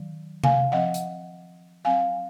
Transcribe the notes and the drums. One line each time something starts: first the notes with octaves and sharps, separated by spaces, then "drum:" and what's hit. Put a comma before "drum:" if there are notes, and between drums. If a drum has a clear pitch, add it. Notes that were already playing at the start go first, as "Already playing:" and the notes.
Already playing: D#3 F#3
F5 G#5, drum: tom C3
F3 C4 D#5 F#5
drum: hi-hat
F#3 C4 F5 G#5